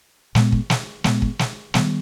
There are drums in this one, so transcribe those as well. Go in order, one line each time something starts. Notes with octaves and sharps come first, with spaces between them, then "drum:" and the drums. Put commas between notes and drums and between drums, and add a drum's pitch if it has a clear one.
A#2 G#3 B3, drum: snare
drum: kick
drum: snare
A#2 G#3 B3, drum: snare
drum: kick
drum: snare
D#3 G3 B3, drum: snare